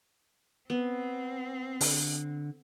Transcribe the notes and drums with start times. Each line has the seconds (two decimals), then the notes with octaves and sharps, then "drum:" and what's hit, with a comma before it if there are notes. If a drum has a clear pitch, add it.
0.70 B3 C4
1.81 D3, drum: open hi-hat